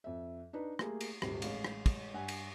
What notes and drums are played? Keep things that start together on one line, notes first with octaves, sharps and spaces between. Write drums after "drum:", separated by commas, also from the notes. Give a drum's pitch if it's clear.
F2 E5
D4 D#4 B4
A3 A#3 G4 G#4, drum: rim click
drum: cymbal
D#1 G#1 C3 G4 C7, drum: rim click
A1 G#3 F5, drum: cymbal
drum: rim click
drum: kick, cymbal
G2 F#5 G#5
drum: cymbal